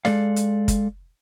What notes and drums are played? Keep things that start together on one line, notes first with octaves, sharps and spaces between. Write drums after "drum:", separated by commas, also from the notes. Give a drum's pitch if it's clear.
G#3 A4 D5 F5, drum: snare
drum: hi-hat
drum: kick, hi-hat